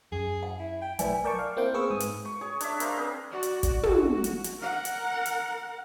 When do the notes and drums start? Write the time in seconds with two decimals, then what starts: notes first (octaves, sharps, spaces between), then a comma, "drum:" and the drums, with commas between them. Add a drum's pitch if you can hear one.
0.12 F#2 G#4
0.43 F#5
0.59 E4
0.82 G5
0.99 B1 F#3 A3 E4 B4 D5 G#5, drum: hi-hat
1.24 A#4 D5 G5 A5 C#6
1.39 F5
1.57 A#3 C4 E4 F5 G5
1.74 B3 C4 G#4 B4 C#6 E6
1.90 G#2 D#6
2.00 drum: hi-hat
2.25 C#6
2.41 G#4 C#5
2.61 D4 C#5 E5, drum: hi-hat
2.80 A#4 C5 F5, drum: hi-hat
2.96 C4 G#4 A#4
3.31 F#4 D5
3.43 drum: hi-hat
3.63 drum: kick G1, hi-hat
3.83 F#4, drum: tom
4.24 drum: hi-hat
4.44 drum: hi-hat
4.60 A#4 F#5
4.85 drum: hi-hat
5.26 drum: hi-hat